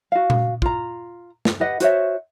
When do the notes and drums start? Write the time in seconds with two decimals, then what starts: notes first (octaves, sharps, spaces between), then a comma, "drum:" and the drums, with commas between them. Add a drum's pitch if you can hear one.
0.12 F#4 F5
0.30 drum: tom A#2
0.62 F4 A#5, drum: kick
1.45 drum: snare
1.60 G4 B4 D#5 F#5
1.80 F#4 C5 C#5 E5, drum: hi-hat